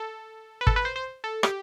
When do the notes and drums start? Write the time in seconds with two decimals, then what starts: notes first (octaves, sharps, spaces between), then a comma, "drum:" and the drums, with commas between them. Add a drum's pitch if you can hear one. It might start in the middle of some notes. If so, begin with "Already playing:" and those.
Already playing: A4
0.61 B4
0.67 A4, drum: kick
0.76 B4
0.85 C5
0.96 C5
1.24 A4
1.43 G4, drum: rim click